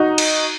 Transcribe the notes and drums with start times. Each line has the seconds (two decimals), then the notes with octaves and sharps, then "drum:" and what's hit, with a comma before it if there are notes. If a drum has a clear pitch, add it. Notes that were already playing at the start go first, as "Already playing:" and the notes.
Already playing: D#4 F#4
0.18 drum: cymbal